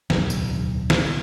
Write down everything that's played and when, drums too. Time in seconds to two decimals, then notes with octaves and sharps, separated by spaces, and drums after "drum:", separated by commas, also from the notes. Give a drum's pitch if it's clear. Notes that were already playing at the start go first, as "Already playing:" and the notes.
0.10 D1 B1 E2, drum: snare
0.30 drum: tambourine
0.90 drum: snare